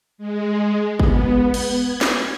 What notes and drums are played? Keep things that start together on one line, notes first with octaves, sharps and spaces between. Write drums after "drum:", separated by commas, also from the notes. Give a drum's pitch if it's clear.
G#3
B3, drum: kick
drum: cymbal
G#6
drum: snare